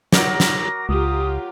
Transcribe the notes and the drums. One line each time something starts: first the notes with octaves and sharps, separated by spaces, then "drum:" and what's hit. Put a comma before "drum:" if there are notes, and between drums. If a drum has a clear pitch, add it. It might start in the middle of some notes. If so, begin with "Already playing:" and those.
F#3 A#4 D6 A#6, drum: snare
drum: snare
C#2 F4 G4 D#6